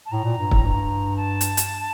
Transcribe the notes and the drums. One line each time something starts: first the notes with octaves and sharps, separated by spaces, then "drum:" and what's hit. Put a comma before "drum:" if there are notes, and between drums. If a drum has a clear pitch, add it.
A5
A2 A#5
A#2
G2
A2, drum: kick
G2
A5
drum: hi-hat
drum: hi-hat